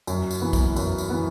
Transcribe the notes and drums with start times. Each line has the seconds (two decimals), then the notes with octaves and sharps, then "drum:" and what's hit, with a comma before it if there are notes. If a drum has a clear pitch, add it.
0.07 F#2, drum: tambourine
0.31 drum: tambourine
0.41 E3 B3
0.53 drum: kick, tambourine
0.76 F#2, drum: tambourine
0.98 drum: tambourine
1.10 E3 B3